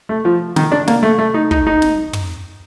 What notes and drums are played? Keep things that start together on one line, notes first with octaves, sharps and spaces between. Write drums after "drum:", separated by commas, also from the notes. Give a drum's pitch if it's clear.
A3
F3
D#3, drum: snare
D4
A#3, drum: snare
A3
A3
D#4
D#4, drum: kick
D#4
drum: snare
drum: tom